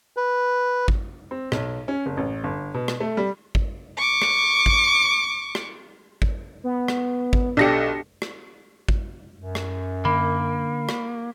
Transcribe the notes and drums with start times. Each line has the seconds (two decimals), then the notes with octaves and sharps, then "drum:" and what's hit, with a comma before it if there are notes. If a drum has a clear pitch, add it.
0.17 B4
0.88 drum: kick
1.31 C4
1.52 B1, drum: rim click
1.88 C#4
2.06 F#1
2.17 A1
2.44 G1
2.74 B2
2.88 drum: rim click
3.00 A3
3.17 G3
3.55 drum: kick
3.97 C#6 D6
4.22 drum: rim click
4.66 drum: kick
5.55 drum: rim click
6.22 drum: kick
6.64 B3
6.88 drum: rim click
7.33 drum: kick
7.57 B1 D4 G4 A4 A#6 C#7
8.22 drum: rim click
8.89 drum: kick
9.39 F#2
9.55 drum: rim click
10.05 D3 A#3 C#4 D4 B5
10.89 drum: rim click